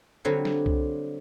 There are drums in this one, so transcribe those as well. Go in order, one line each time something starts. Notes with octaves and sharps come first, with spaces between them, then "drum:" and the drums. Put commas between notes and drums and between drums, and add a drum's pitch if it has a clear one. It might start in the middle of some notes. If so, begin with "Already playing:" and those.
D3 F#3 G3 C4 F4 C#5
drum: snare
drum: kick C2